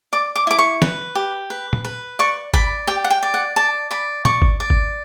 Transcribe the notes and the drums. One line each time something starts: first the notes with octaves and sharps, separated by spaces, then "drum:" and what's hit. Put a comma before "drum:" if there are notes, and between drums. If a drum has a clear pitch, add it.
D5 D6
D6
E4 D6
C#6
B4, drum: snare
G4
B4
drum: tom
B4
D5 C#6
D5 B5, drum: kick G1
G4 G5
F#5
G5
D5
F#5
D5 A5
D5 B5
D5 C#6, drum: tom
drum: kick G1
D5
drum: kick G1